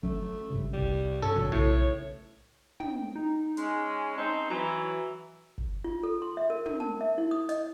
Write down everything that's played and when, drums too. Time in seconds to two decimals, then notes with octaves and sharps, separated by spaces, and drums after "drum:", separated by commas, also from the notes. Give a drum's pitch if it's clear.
0.03 F#3 A3 C#4, drum: kick F#1
0.50 G#1 G2 C#3
0.73 C2 G3, drum: kick F#1
1.22 G2 C#4 A4
1.35 A1 F2 C#3 F#3
1.52 B1 A2 C#3 C#5
2.80 G5, drum: tom
3.16 D#4
3.57 G#3 C#4, drum: hi-hat
4.18 C4 D#4 A5
4.50 E3 F#3 A#5
5.58 drum: kick F#1
5.84 F4
6.03 A4
6.22 C6
6.37 E5
6.50 A#4
6.66 A#4, drum: tom
6.80 A5
7.01 E5
7.18 E4
7.31 D#6
7.49 D#5, drum: hi-hat